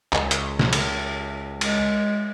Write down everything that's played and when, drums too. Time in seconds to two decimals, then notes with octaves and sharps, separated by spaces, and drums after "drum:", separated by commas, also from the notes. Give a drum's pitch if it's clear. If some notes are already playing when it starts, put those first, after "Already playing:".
0.13 C#2, drum: clap
0.31 drum: hi-hat
0.59 drum: snare
0.73 drum: cymbal
1.61 G#3, drum: cymbal